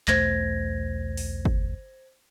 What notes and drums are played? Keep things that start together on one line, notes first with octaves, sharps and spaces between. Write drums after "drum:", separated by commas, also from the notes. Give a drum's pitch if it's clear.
B1 E2 A3 C5 G#6 A#6, drum: clap
drum: open hi-hat
drum: kick G1